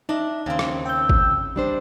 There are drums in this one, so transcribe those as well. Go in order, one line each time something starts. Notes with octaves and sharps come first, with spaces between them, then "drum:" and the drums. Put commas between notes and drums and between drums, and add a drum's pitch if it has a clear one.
D4 D#4 D#5 E5
D#2 C#3 C4 G5
drum: rim click
G5 E6 G6
drum: kick G#1
G3 D4 C5 D#5